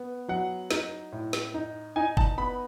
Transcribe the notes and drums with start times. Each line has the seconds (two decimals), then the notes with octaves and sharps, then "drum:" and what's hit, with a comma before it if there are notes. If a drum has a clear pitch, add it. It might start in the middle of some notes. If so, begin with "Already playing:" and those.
Already playing: B3
0.28 F#3 F#5
0.71 D#4, drum: snare
1.12 A2
1.33 drum: snare
1.54 D#4
1.96 D#4 G#5
2.17 A5, drum: kick F#1
2.38 B3 B5